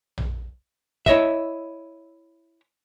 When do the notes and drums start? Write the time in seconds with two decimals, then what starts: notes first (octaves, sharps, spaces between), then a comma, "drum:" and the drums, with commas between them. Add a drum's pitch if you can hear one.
0.18 drum: tom A#1
1.06 E4 C#5 D#5 E5, drum: kick